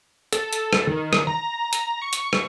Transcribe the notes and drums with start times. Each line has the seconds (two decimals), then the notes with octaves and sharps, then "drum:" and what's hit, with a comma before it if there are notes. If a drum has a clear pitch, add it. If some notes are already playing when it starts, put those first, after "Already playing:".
0.33 A4, drum: hi-hat
0.53 drum: hi-hat
0.73 drum: rim click
0.87 D#3
1.13 drum: rim click
1.27 A#5
1.73 drum: hi-hat
2.02 C#6
2.13 drum: hi-hat
2.33 drum: rim click